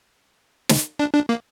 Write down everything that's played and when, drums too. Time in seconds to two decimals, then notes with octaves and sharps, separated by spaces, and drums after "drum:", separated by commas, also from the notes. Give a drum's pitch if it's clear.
0.69 drum: snare
0.99 D4
1.14 D4
1.29 A#3